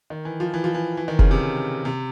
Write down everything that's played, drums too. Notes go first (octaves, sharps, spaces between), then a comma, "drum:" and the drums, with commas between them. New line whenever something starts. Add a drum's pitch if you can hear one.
D#3
E3
F3
E3
F3
E3
E3
D#3
C#3, drum: kick F1
C3
C3